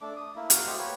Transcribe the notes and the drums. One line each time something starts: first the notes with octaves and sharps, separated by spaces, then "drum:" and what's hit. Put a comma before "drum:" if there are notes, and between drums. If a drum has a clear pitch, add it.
A3 D4 D6
D#6
A#3 E4
A#3 F#4 F5, drum: hi-hat
A3 G4 C5 D#5
A#3 G4 B4 C#5